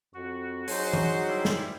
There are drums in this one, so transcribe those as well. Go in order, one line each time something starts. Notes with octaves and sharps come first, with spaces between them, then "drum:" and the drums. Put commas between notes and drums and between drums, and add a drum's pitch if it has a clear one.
F2 F#4
F#3 D#4 G#4 C5, drum: open hi-hat
drum: tom E3
G3 E4
drum: snare